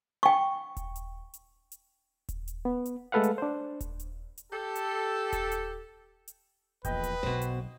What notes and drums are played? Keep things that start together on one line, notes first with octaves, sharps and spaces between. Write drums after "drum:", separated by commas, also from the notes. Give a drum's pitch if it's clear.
G5 C#6
drum: kick D#1, hi-hat
drum: hi-hat
drum: hi-hat
drum: hi-hat
drum: kick D#1, hi-hat
drum: hi-hat
B3
drum: hi-hat
G#3 A3 A4 B4 F5 F#5
drum: hi-hat
D4 C5
drum: kick D#1, hi-hat
drum: hi-hat
drum: hi-hat
G4 A4
drum: hi-hat
drum: kick D#1, hi-hat
drum: hi-hat
drum: hi-hat
A#1 E2 A#2 B4 D#5 G5, drum: kick D#1, hi-hat
drum: hi-hat
B1 B2 C5
drum: hi-hat